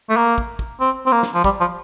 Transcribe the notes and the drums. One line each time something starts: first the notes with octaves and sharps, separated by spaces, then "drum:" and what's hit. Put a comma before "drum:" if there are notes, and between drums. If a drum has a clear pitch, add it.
A3
A#3
drum: kick
drum: kick
C4
C4
A#3
drum: snare
F3
G3, drum: kick
F3